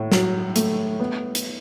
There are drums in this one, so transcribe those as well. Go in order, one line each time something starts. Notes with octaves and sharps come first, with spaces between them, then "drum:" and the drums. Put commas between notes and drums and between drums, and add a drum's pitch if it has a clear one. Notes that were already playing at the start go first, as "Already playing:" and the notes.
Already playing: A2
F#3, drum: snare
A3, drum: hi-hat
B3
drum: hi-hat